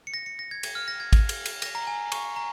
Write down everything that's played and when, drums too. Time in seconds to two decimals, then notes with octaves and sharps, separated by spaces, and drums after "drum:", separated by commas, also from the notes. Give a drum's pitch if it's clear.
0.07 C#7
0.14 A#6
0.26 C#7
0.39 A#6
0.51 G#6
0.63 G#6, drum: cymbal
0.75 F6
0.88 A#6
1.00 G#6
1.13 drum: kick, cymbal
1.29 drum: cymbal
1.46 drum: cymbal
1.62 A#6, drum: cymbal
1.75 A#5
1.87 G#5
2.12 C#6, drum: cymbal
2.36 A#5